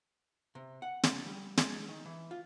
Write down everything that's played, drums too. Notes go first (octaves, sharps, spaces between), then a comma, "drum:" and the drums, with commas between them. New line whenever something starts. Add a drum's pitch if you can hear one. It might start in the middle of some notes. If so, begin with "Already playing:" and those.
C3
F#5
C#3, drum: snare
G3
G#3, drum: snare
D#3
E3
F4